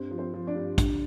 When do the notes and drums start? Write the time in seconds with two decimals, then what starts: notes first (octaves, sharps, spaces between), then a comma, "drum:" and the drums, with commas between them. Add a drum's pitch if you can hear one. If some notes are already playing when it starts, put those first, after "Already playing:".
Already playing: G2 C4 C5
0.11 F3
0.18 C4 C5
0.34 F3
0.47 D4 D5
0.55 G2
0.78 D3, drum: kick, hi-hat